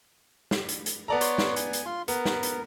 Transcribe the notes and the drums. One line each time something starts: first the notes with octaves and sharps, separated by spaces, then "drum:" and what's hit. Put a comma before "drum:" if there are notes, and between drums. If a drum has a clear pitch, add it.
drum: snare
drum: hi-hat
drum: hi-hat
B3 A4 D5 A#5
C#5 C6 D6, drum: hi-hat
drum: snare
G#5, drum: hi-hat
drum: hi-hat
F4 C6
B3 A#4, drum: hi-hat
drum: snare
drum: hi-hat